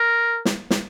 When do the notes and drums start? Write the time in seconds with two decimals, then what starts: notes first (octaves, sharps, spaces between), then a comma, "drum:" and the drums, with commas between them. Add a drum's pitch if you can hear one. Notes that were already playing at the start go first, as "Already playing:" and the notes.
Already playing: A#4
0.45 drum: snare
0.70 drum: snare